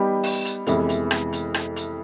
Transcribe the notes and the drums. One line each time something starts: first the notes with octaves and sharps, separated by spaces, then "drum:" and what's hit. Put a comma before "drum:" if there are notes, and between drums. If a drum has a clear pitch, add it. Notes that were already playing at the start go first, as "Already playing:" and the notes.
Already playing: G3 B3 D#4 G4
drum: open hi-hat
drum: hi-hat
F2 C3 E3 G#3 B3, drum: hi-hat
drum: hi-hat
drum: rim click
drum: hi-hat
drum: rim click
drum: hi-hat